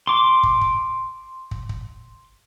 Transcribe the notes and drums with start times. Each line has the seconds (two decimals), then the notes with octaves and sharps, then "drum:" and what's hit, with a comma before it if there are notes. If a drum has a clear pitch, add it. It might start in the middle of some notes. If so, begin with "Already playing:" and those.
0.07 C6 D6
0.43 drum: kick
0.61 drum: kick
1.51 drum: kick
1.69 drum: kick